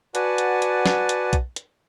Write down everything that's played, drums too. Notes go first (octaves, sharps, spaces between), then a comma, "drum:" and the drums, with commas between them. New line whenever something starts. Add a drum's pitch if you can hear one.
F#4 B4 D5 F#5 G#5 A5, drum: hi-hat
drum: hi-hat
drum: hi-hat
drum: snare
drum: hi-hat
drum: kick B1, hi-hat
drum: hi-hat